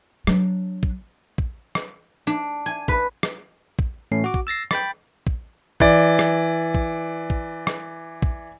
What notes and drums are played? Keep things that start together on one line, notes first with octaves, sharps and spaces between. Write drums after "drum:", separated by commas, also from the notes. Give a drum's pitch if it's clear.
F#3 D4, drum: rim click
drum: kick
drum: kick
drum: rim click
D4
G#5
B4, drum: kick
drum: rim click
drum: kick
A2 E3 A3 C#4 C7
F#4 D6
drum: kick
E6 A6 A#6 C7
G5 B5 A6, drum: rim click
drum: kick
E3 D5, drum: kick
drum: rim click
drum: kick
drum: kick
drum: rim click
drum: kick